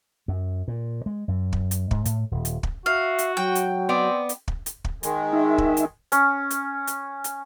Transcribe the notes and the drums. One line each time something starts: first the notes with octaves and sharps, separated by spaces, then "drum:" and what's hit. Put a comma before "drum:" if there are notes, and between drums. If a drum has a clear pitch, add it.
F#2
A#2
G#3
F#2
drum: kick
drum: hi-hat
G#2, drum: kick
A2, drum: hi-hat
D#1
drum: hi-hat
drum: kick
F#4 E5 F5
drum: hi-hat
F#3 G5
drum: hi-hat
B3 C4 D5
drum: hi-hat
drum: kick
drum: hi-hat
drum: kick
D#3 G#3, drum: hi-hat
D#4 E5
drum: kick
drum: hi-hat
C#4, drum: hi-hat
drum: hi-hat
drum: hi-hat
drum: hi-hat